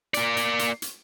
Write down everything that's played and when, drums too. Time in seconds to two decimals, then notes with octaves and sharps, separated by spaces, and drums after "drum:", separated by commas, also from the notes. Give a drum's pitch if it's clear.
0.14 A#3 D5, drum: hi-hat
0.37 drum: hi-hat
0.59 drum: hi-hat
0.82 drum: hi-hat